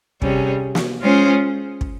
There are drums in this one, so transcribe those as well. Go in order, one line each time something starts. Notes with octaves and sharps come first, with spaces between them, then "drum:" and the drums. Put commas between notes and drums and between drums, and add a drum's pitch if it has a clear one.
C3 G3 C#4 G#4, drum: kick
drum: snare
G#3 C#4 F4 G#4 C5
drum: kick